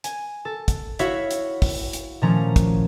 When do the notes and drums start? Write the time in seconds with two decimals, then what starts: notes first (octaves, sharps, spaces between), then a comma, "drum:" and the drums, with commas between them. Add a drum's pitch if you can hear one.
0.04 G#5, drum: hi-hat
0.45 A4
0.68 drum: kick, hi-hat
0.99 E4 F#4 C#5 E5 F5, drum: hi-hat
1.31 drum: hi-hat
1.62 drum: kick, open hi-hat
1.93 drum: hi-hat
2.21 A#2 D#3 F3 A3 C#4 A#5
2.56 drum: kick, hi-hat